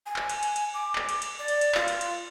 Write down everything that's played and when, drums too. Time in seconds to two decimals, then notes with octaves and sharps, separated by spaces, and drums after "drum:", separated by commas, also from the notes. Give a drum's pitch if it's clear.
0.06 G#5
0.16 drum: clap
0.29 drum: cymbal
0.43 drum: cymbal
0.56 drum: cymbal
0.74 D6
0.95 drum: clap
1.09 drum: cymbal
1.22 drum: cymbal
1.39 D5
1.48 drum: cymbal
1.61 drum: cymbal
1.75 F4, drum: clap
1.88 drum: cymbal
2.01 drum: cymbal